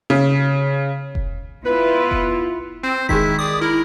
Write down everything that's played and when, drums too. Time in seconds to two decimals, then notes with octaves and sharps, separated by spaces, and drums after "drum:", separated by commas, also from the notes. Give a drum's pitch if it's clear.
0.10 C#3
1.15 drum: kick F1
1.66 B3 E4 F4 B4
2.11 drum: kick F1
2.83 C4 C5
3.09 D#3 G#3 E4 B6, drum: kick F1
3.39 D5 D#6
3.61 E4 A#4